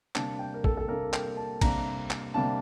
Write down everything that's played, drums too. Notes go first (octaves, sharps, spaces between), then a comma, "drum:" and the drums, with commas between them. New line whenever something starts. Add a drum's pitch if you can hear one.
C3 G3 A#3 D4 A5, drum: clap
G5
A#4
A4, drum: kick
A4
C3 G3 A#3 D4 A#4
G5, drum: clap
A5
C3 G3 A#3 D4 A#5, drum: kick, cymbal
drum: clap
C3 G3 A#3 D4 A5